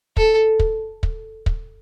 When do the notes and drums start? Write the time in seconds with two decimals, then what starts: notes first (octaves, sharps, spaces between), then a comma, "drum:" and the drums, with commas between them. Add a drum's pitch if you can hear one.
0.17 A4, drum: kick
0.59 drum: kick
1.03 drum: kick
1.46 drum: kick